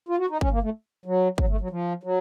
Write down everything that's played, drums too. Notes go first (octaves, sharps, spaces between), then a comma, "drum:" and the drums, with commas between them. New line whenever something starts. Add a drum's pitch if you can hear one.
F4
F#4
D#4
C#4, drum: kick G1
A#3
A3
F#3
F#3, drum: kick G1
A3
F#3
F3
F#3